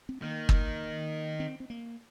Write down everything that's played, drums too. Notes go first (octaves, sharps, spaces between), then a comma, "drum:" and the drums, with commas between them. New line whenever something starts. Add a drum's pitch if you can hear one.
C4
D#3 A#3
drum: kick
C4
C4
A#3